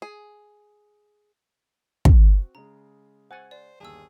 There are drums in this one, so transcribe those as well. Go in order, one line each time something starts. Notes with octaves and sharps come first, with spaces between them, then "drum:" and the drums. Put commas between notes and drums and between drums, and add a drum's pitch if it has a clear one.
G#4
C4 F#4, drum: kick
C#3 G#3 A#5
C5 F#5 G#5 A6
C5 D5
G1 D#2 G#4 A5 E6